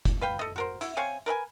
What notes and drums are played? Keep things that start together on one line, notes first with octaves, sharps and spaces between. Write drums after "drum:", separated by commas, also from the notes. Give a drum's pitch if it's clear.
drum: kick F1, hi-hat
B4 F5 G5
A4 D#5
F#4 A#4 C5
E4 F#4, drum: hi-hat
C4 C#5 F5 G#5
A#4 B4 D#5 G#5